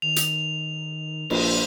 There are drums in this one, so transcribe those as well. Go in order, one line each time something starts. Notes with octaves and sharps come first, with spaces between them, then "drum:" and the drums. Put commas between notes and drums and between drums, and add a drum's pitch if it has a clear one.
D#3 F7
drum: hi-hat
A#1 C5, drum: cymbal